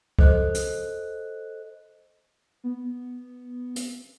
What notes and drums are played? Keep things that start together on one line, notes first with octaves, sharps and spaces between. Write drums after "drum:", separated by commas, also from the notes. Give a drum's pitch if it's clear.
A4 C5 D#5 F#6, drum: kick C2
drum: hi-hat
B3
drum: hi-hat